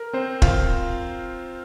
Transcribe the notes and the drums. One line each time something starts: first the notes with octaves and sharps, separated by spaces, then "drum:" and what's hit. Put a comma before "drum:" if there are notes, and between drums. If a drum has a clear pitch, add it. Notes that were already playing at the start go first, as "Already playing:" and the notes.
Already playing: A#4
C4 C5
F4 F5, drum: kick